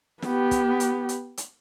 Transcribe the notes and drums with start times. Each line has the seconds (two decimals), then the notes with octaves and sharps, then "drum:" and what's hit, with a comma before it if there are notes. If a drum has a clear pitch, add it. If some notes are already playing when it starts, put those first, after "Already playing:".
0.22 B3 G4, drum: snare
0.51 drum: kick, hi-hat
0.80 drum: hi-hat
1.09 drum: hi-hat
1.37 drum: hi-hat